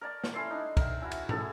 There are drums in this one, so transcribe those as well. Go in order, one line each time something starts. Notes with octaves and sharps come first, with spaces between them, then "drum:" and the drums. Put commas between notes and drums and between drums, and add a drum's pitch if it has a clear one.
A#4 C#5 D5 A5
drum: snare
C#4 E4 A4 C6
D4 D#4
A#4 E5 G5, drum: kick, cymbal
C#4 E4 F#4
drum: cymbal
E4 G#4 A4 C#5, drum: tom